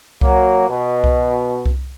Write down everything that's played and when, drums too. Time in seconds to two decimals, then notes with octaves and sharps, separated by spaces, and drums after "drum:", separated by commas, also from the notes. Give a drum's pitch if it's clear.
0.21 F#3 A#3, drum: kick C2
0.69 B2
1.04 drum: kick C2
1.66 drum: kick C2